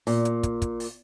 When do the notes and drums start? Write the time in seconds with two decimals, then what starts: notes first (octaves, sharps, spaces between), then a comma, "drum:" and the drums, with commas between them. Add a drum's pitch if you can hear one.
0.07 A#2, drum: open hi-hat
0.25 drum: hi-hat
0.43 drum: kick, hi-hat
0.62 drum: kick, hi-hat
0.80 drum: open hi-hat